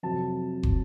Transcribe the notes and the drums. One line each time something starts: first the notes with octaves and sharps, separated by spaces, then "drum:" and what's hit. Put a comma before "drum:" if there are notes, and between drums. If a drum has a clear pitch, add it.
F2 C3 F#3 A5
drum: kick